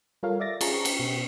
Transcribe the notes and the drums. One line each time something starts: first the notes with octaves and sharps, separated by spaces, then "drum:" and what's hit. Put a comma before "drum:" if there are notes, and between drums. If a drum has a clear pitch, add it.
G3 F4 A4 A#4 C#5 F5
D5 E5 D6 A6 A#6
F4 G#4 A5 A#5 C#6, drum: cymbal
drum: cymbal
B2